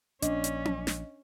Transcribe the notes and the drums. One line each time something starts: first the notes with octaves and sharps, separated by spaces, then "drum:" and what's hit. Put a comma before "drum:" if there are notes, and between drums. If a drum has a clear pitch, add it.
A#1 C#4 D4 D#5, drum: hi-hat
drum: hi-hat
drum: tom C#4
drum: snare